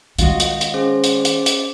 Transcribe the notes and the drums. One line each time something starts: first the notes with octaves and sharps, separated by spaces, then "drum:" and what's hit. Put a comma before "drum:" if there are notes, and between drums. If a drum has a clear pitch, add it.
D#3 G#3 F4 F#4 D#5, drum: hi-hat
drum: hi-hat
drum: hi-hat
C#4 G#4 C5
drum: hi-hat
D5
drum: hi-hat
drum: hi-hat